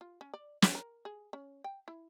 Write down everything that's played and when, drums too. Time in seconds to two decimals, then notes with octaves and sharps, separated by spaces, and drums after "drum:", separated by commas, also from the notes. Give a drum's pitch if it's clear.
0.01 F4
0.21 C#4
0.34 D5
0.62 C4, drum: snare
0.75 A#4
1.05 G#4
1.33 C#4
1.64 G5
1.88 E4